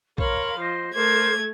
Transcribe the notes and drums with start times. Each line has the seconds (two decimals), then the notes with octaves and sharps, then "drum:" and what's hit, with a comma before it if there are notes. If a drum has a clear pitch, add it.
0.18 A#4 C#5 F5 B5 C6, drum: kick
0.58 F3 C5 D#5
0.94 A3 A#4 C5 D6 G#6